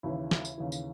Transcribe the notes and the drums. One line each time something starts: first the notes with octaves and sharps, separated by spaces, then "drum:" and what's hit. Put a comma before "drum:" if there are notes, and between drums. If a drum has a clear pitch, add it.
D#2 C#3 E3 E4
E4, drum: snare
drum: tambourine
D#2 C#3 E3
drum: tambourine